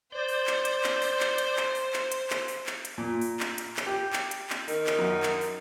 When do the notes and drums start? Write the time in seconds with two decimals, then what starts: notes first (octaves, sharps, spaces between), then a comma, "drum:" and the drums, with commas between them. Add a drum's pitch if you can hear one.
0.12 C5 D5 G6
0.28 drum: open hi-hat
0.47 drum: clap
0.65 drum: hi-hat
0.83 drum: clap
1.02 drum: open hi-hat
1.20 drum: clap
1.38 drum: hi-hat
1.57 drum: clap
1.75 drum: open hi-hat
1.93 drum: clap
2.12 drum: hi-hat
2.30 drum: clap
2.48 drum: open hi-hat
2.67 drum: clap
2.85 drum: hi-hat
2.98 A#2
3.21 drum: open hi-hat
3.40 drum: clap
3.58 drum: hi-hat
3.76 drum: clap
3.86 G4
4.13 drum: clap
4.31 drum: hi-hat
4.50 drum: clap
4.68 D#3, drum: open hi-hat
4.86 drum: clap
4.98 F#2
5.23 drum: clap
5.41 drum: open hi-hat